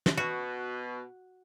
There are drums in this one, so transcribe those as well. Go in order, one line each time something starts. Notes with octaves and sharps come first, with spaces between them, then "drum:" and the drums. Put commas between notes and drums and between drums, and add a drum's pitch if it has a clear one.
drum: snare
B2 F#4